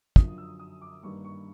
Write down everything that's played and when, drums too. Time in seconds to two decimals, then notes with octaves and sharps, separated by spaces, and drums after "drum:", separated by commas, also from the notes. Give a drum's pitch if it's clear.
0.16 F#2 D3 F3 D#6, drum: kick
0.38 E6
0.59 D#6
0.81 D6
1.03 G2 D#3 G3 A#3 C#6
1.25 C#6